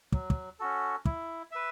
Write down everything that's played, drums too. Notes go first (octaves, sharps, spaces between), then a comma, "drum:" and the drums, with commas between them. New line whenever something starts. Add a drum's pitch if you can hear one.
F#3, drum: kick
drum: kick
C#4 F#4 A4
E4, drum: kick
B4 E5